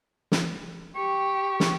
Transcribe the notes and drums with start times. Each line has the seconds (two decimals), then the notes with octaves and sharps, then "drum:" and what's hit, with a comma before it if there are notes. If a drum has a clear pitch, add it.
0.32 drum: snare
0.96 G4 C#6
1.60 drum: snare